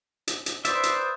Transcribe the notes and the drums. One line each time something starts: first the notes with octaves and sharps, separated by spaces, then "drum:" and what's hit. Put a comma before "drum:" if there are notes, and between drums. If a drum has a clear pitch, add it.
drum: hi-hat
drum: hi-hat
B4 C5 D5 E5 D#6, drum: hi-hat
drum: hi-hat